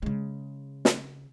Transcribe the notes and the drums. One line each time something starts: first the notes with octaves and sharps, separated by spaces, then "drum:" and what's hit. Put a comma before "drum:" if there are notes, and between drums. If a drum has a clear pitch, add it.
C#3 G#3
drum: snare